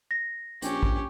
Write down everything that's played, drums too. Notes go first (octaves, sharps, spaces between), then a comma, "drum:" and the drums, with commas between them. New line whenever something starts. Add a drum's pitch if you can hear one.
A#6
A#1 C#4 G4, drum: hi-hat
drum: kick